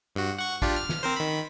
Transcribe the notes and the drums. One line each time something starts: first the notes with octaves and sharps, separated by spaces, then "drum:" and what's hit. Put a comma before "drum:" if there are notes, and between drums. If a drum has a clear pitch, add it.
G2 F#4
F#5 C#6
D4 F4 G4, drum: kick
F6
drum: snare
C4 A#4 C5
D#3 B5